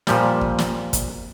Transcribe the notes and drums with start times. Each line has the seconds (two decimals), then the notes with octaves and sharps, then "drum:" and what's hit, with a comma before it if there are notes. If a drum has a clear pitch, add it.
0.07 A#2 F3 G3, drum: snare
0.41 drum: kick
0.59 drum: snare
0.93 drum: kick, hi-hat